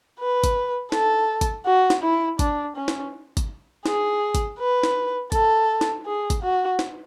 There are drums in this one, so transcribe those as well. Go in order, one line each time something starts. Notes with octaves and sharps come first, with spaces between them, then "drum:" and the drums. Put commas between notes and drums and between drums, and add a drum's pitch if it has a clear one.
B4
drum: kick, hi-hat
A4, drum: snare
drum: kick, hi-hat
F#4
drum: snare
E4
D4, drum: kick, hi-hat
C#4
drum: snare
drum: kick, hi-hat
G#4, drum: snare
drum: kick, hi-hat
B4
drum: snare
A4, drum: kick, hi-hat
drum: snare
G#4
drum: kick, hi-hat
F#4
drum: snare